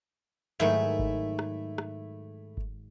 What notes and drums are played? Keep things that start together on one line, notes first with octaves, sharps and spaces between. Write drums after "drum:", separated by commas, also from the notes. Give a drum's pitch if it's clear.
G#2 D#3 F#3 A3 E4
drum: kick G1
drum: rim click
drum: rim click
drum: kick G1